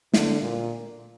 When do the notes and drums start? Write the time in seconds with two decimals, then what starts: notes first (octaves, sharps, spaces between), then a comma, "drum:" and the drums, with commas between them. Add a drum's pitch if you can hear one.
0.13 D3, drum: snare
0.41 A#2